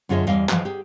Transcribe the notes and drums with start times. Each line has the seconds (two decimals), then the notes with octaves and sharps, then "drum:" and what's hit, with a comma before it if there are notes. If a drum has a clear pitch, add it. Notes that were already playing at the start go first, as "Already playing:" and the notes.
0.09 F#2 D3 F4 G#4 D#5 E5
0.27 E2 G3 D#5 F5
0.49 E3 F3 G#4, drum: clap
0.65 G4 G#4